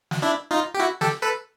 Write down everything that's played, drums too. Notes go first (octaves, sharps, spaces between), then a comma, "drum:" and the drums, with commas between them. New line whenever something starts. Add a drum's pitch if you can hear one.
drum: snare
D4 E4
D#4 F4
G4
E4 F#4
G4 A4, drum: snare
A4 B4